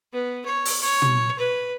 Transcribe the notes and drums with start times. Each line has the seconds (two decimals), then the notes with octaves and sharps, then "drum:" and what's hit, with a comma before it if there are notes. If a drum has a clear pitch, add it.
0.13 B3
0.46 C#5
0.65 drum: open hi-hat
0.82 C#5
1.02 drum: tom
1.39 B4